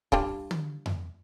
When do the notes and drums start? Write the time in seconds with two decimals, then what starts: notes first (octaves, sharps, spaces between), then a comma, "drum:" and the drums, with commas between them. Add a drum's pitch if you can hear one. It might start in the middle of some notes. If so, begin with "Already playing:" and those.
0.12 G3 D4 F4, drum: kick
0.51 drum: tom
0.86 drum: tom F2